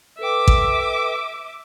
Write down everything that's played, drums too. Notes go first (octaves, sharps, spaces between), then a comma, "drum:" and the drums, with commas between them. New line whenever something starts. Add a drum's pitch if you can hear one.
A4 B4 E5 G5 D6
drum: kick A1